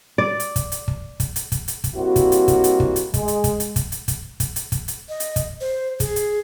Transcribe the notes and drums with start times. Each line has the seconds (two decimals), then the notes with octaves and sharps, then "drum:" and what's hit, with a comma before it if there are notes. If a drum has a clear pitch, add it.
0.18 D5
0.40 drum: hi-hat
0.56 drum: kick, hi-hat
0.72 drum: hi-hat
0.88 drum: kick
1.20 drum: kick, hi-hat
1.36 drum: hi-hat
1.52 drum: kick, hi-hat
1.68 drum: hi-hat
1.84 drum: kick, hi-hat
1.96 G3 A#3 C4 E4 F#4
2.16 drum: kick, hi-hat
2.32 drum: hi-hat
2.48 drum: kick, hi-hat
2.64 drum: hi-hat
2.80 drum: kick
2.96 drum: hi-hat
3.14 G#3, drum: kick, hi-hat
3.28 drum: hi-hat
3.44 drum: kick, hi-hat
3.60 drum: hi-hat
3.76 drum: kick, hi-hat
3.92 drum: hi-hat
4.08 drum: kick, hi-hat
4.40 drum: kick, hi-hat
4.56 drum: hi-hat
4.72 drum: kick, hi-hat
4.88 drum: hi-hat
5.09 D#5
5.20 drum: hi-hat
5.36 drum: kick, hi-hat
5.61 C5
6.00 G#4, drum: kick, hi-hat
6.16 drum: hi-hat